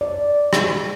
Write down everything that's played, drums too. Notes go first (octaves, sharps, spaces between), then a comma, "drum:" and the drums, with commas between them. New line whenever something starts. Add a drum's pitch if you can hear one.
D5
drum: rim click